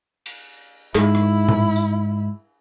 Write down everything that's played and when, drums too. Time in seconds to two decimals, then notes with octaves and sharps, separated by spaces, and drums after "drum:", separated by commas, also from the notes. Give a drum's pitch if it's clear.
0.26 drum: cymbal
0.95 G#2 E4 G#4, drum: clap
1.15 drum: rim click
1.49 drum: tom A2
1.76 drum: tambourine